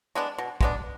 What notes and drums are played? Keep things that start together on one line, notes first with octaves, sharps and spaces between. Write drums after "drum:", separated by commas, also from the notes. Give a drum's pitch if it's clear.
G#3 B3 D4
B2
G#3 B3 D4, drum: kick